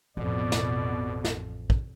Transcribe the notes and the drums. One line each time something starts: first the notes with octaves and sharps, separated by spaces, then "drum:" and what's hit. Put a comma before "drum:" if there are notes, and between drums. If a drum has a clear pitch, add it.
A1 F2 B2 D5
drum: snare
drum: snare
drum: kick